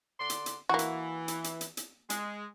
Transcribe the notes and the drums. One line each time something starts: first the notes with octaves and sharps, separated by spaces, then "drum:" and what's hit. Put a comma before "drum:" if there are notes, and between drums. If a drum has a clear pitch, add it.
D3 D5 C6
drum: hi-hat
drum: hi-hat
E3 A#3 F#4
drum: hi-hat
drum: hi-hat
drum: hi-hat
drum: hi-hat
drum: hi-hat
G#3, drum: hi-hat